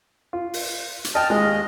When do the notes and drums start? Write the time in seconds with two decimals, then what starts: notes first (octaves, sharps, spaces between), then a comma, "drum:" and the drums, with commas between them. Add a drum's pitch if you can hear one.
0.33 F4
0.54 drum: open hi-hat
1.05 drum: hi-hat
1.15 D#5 G5 A5 F6
1.30 D#2 G#3 D#5